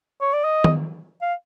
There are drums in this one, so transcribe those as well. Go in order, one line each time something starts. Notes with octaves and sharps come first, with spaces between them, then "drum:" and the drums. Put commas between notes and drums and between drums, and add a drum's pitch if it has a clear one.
C#5
D5
D#5
drum: tom D#3
F5